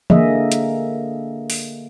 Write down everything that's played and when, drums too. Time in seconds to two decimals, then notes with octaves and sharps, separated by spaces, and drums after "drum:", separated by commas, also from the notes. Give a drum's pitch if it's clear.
0.10 D3 A#3 G#4 D#5 E5, drum: tom E3
0.52 drum: hi-hat
1.50 drum: open hi-hat